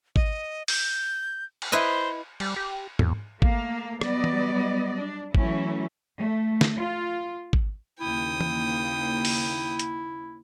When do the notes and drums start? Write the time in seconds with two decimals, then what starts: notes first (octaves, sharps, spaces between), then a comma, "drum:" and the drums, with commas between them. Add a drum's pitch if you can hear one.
0.16 D#5, drum: kick G#1
0.68 G6, drum: open hi-hat
1.62 drum: cymbal
1.72 E4 B4 C5 D#5
2.40 G3, drum: cymbal
2.56 G4
2.99 E2, drum: tom G#2
3.42 A3 A#3 F5, drum: kick G#1
4.01 F#3 G3 B3 D5 D#5, drum: rim click
4.24 drum: tom
4.98 D4
5.35 E3 F#3 A3 C#4 E4, drum: kick G#1
6.19 A3
6.61 drum: snare
6.79 F4
7.53 drum: kick G#1
8.00 D#2 C#3 E4 G5 D#6
8.41 drum: tom
9.25 drum: open hi-hat
9.79 drum: hi-hat